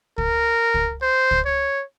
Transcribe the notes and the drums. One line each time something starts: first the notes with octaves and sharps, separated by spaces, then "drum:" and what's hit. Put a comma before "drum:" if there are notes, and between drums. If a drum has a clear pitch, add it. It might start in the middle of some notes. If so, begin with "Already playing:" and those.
A#4, drum: kick
drum: kick
C5
drum: kick
C#5